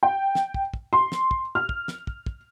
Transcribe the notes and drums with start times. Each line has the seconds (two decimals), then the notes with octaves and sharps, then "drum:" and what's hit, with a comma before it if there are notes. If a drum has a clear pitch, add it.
0.03 G5
0.35 drum: snare
0.54 drum: kick
0.74 drum: kick
0.93 C6
1.12 drum: snare
1.31 drum: kick
1.55 F6
1.69 drum: kick
1.88 drum: snare
2.07 drum: kick
2.26 drum: kick